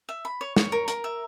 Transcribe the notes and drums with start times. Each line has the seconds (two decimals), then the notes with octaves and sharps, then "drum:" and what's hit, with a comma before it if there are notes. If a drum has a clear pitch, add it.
0.09 E5
0.25 B5
0.41 C#5
0.56 C#5, drum: snare
0.72 A#4
0.88 A#4, drum: hi-hat
1.04 E5